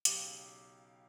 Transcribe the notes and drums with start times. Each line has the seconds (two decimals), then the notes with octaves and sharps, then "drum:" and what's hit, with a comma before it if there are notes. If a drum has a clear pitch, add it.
0.05 B1 C#3 G4 F5 D6, drum: hi-hat